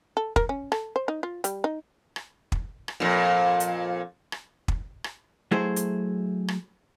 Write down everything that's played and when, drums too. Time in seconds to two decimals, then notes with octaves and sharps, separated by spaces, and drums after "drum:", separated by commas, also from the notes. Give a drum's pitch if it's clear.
0.17 A4
0.36 A#4, drum: kick
0.49 C#4
0.72 A4, drum: rim click
0.96 C5
1.08 D#4
1.23 F4
1.44 G3, drum: hi-hat
1.64 D#4
2.16 drum: rim click
2.52 drum: kick
2.88 drum: rim click
3.00 F2 A#2
3.60 drum: hi-hat
4.32 drum: rim click
4.68 drum: kick
5.04 drum: rim click
5.51 F#3 A3 E4 G#4 C5
5.76 drum: hi-hat
6.48 drum: rim click